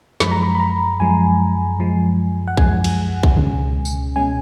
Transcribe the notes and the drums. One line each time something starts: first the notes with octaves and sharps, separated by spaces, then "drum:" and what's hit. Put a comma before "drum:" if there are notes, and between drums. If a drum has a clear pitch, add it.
F#2 F3 G#3 B5, drum: snare
A#5
B5
B5
A#5
F#2 F3 G#3 G#5
F#2 F3 G#3
F#5
F#2 F3 G#3 G#5, drum: kick B1
drum: cymbal
drum: kick B1
C#2 B2 G#3 C#4, drum: tom C#3
drum: tambourine
B2 G#3 C#4 G#5